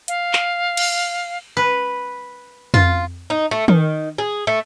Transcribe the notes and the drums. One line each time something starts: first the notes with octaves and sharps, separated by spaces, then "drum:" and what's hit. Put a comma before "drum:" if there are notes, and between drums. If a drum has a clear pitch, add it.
F5, drum: hi-hat
drum: clap
drum: cymbal
B4
F4, drum: tom F2
D#4
A3
D#3, drum: tom D#3
G#4
A3